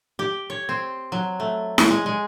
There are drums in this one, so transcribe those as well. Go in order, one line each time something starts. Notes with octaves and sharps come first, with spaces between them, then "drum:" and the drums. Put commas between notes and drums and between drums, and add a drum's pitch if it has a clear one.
G4
C#5
C4
F#3
A3
drum: snare E4
G#3
G#3